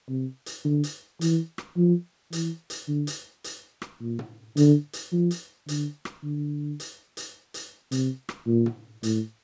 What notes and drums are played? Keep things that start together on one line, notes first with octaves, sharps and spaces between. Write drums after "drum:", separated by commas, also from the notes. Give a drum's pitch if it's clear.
C3
drum: hi-hat
D3
drum: hi-hat
E3, drum: hi-hat
drum: rim click
F3
E3, drum: hi-hat
drum: hi-hat
D3
drum: hi-hat
drum: hi-hat
drum: rim click
A#2
drum: tom
D3, drum: hi-hat
drum: hi-hat
F3
drum: hi-hat
D3, drum: hi-hat
drum: rim click
D3
drum: hi-hat
drum: hi-hat
drum: hi-hat
C3, drum: hi-hat
drum: rim click
A#2
drum: tom
A2, drum: hi-hat